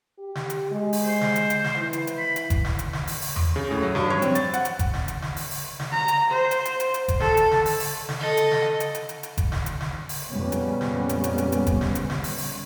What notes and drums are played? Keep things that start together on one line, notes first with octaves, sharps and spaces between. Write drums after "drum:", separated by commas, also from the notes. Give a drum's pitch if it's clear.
G4
drum: snare
drum: hi-hat
G#3
drum: open hi-hat
C5
drum: snare
drum: hi-hat
drum: hi-hat
drum: snare
E3
drum: hi-hat
drum: hi-hat
B5
drum: hi-hat
drum: kick F#1, hi-hat
drum: snare
drum: hi-hat
drum: snare
drum: open hi-hat
drum: open hi-hat
drum: tom E2
C#3
A2
F#3
G2, drum: snare
C#5, drum: tom F3
C4, drum: hi-hat
A6, drum: hi-hat
F#5, drum: hi-hat
drum: hi-hat
drum: kick F#1, hi-hat
drum: snare
drum: hi-hat
drum: snare
drum: open hi-hat
drum: open hi-hat
drum: snare
A#5
drum: hi-hat
C5
drum: hi-hat
drum: hi-hat
drum: hi-hat
drum: hi-hat
drum: kick F#1, hi-hat
A4, drum: snare
drum: hi-hat
drum: snare
drum: open hi-hat
drum: open hi-hat
drum: snare
A4 D#5
drum: hi-hat
drum: snare
drum: hi-hat
drum: hi-hat
drum: hi-hat
drum: hi-hat
drum: kick F#1, hi-hat
drum: snare
drum: hi-hat
drum: snare
drum: open hi-hat
F2 A#2 C#3 G3 B3 C#4
drum: hi-hat
drum: snare
drum: hi-hat
drum: hi-hat
drum: hi-hat
drum: hi-hat
drum: kick F#1, hi-hat
drum: snare
drum: hi-hat
drum: snare
drum: open hi-hat
drum: open hi-hat